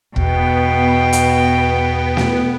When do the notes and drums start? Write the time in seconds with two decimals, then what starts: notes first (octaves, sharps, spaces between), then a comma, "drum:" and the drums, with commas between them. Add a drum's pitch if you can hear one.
0.16 E2 B2 B3 G5, drum: kick
1.13 drum: hi-hat
2.17 drum: snare